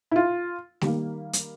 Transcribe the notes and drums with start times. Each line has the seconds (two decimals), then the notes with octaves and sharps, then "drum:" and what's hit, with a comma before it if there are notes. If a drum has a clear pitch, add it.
0.11 E4
0.16 F4
0.81 D#3 G3 A#3, drum: snare A3
1.33 drum: hi-hat